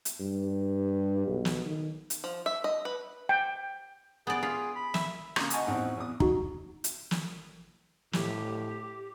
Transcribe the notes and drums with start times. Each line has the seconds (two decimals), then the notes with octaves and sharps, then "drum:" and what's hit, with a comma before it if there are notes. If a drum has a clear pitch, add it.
0.05 drum: hi-hat
0.21 G2
1.27 B1
1.45 drum: snare
1.66 D#3
2.10 drum: hi-hat
2.24 F3
2.46 E5
2.64 D#5
2.85 B4
3.29 G5
4.27 B3 G#4 D5
4.43 F4 G#4
4.76 B5
4.94 E5, drum: snare
5.36 C#3 A#3 A#5, drum: rim click
5.50 D#5 F#5 G#5 A5 C#6 D#6, drum: hi-hat
5.67 A1 E2 C4 D#4 F#5 C#6
5.97 E2 D#6
6.20 D#4 F#4, drum: kick
6.84 drum: hi-hat
7.11 drum: snare
8.13 A2 G4, drum: snare